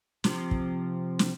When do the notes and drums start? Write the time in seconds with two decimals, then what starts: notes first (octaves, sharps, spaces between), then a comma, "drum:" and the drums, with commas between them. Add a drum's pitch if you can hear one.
0.24 C3 F3, drum: snare
0.51 drum: kick
1.19 drum: snare